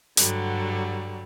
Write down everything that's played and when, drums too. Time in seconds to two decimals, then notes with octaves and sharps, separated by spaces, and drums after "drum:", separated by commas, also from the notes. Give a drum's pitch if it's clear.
0.17 G2 D3 F#3 G3, drum: hi-hat